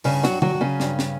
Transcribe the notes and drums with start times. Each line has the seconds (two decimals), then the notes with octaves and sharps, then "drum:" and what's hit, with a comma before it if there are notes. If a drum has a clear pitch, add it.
0.04 G2 C#3 C#4, drum: open hi-hat
0.23 F#3 F#4, drum: snare
0.30 G2
0.42 F#3 F#4, drum: tom D3
0.55 F#3
0.61 C#3 C#4
0.80 G2, drum: snare
0.99 drum: snare